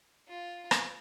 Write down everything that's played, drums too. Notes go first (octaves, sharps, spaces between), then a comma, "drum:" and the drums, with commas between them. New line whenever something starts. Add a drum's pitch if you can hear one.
F4
drum: rim click